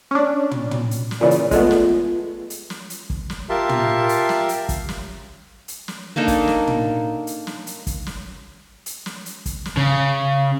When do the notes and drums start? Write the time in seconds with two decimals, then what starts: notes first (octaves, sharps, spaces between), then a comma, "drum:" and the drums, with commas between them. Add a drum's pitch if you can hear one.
0.11 C#4 D4
0.51 drum: tom
0.71 drum: tom
0.91 drum: hi-hat
1.11 drum: snare
1.21 A#2 C#3 E3 D5
1.31 drum: hi-hat
1.51 G#3 A3 B3 F4, drum: kick, hi-hat
1.71 drum: snare
2.50 drum: hi-hat
2.70 drum: snare
2.90 drum: hi-hat
3.10 drum: kick
3.30 drum: snare
3.49 F4 G4 A#4 E5 A5 C6
3.69 drum: tom
4.09 drum: hi-hat
4.29 drum: snare
4.49 drum: hi-hat
4.69 drum: kick, hi-hat
4.89 drum: snare
5.68 drum: hi-hat
5.88 drum: snare
6.16 A#3 D4 D#4 A4
6.28 drum: kick, hi-hat
6.48 drum: snare
6.67 drum: tom
7.27 drum: hi-hat
7.47 drum: snare
7.67 drum: hi-hat
7.87 drum: kick, hi-hat
8.06 drum: snare
8.86 drum: hi-hat
9.06 drum: snare
9.26 drum: hi-hat
9.46 drum: kick, hi-hat
9.65 drum: snare
9.77 C#3